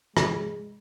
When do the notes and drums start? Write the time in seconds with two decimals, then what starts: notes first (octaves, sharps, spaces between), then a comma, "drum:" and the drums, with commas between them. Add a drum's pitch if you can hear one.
0.17 G#3, drum: rim click